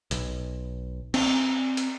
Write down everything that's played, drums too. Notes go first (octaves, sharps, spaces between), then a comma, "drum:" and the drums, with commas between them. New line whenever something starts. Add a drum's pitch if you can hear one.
B1, drum: hi-hat
C4, drum: cymbal
drum: hi-hat